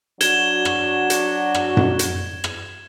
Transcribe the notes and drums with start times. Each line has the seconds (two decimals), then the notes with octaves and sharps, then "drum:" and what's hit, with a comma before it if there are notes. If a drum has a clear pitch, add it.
0.21 F#3 D4 F#4 G#6 E7 G7, drum: hi-hat
0.65 drum: rim click
1.10 drum: hi-hat
1.55 drum: rim click
1.77 drum: tom F#2
1.99 drum: hi-hat
2.44 drum: rim click